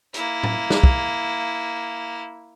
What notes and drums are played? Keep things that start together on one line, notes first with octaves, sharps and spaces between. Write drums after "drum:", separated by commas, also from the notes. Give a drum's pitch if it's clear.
A#3 E4, drum: hi-hat
drum: tom A2
drum: snare
drum: kick